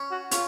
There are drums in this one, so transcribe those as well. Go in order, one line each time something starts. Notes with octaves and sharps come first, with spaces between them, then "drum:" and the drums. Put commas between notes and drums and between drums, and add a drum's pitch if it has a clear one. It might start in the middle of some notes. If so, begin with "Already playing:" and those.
Already playing: C#4
F#4
C#4 F4, drum: hi-hat